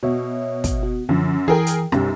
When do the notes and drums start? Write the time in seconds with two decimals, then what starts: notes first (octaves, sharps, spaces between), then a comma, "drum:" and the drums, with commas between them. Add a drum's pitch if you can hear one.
0.03 B2 F#4 C#5 E5
0.64 drum: kick, hi-hat
0.83 F#4
1.09 F#2 D3 F3
1.48 E3 G#4 A#4 G5
1.67 drum: hi-hat
1.92 B1 F#2 G3 G4, drum: rim click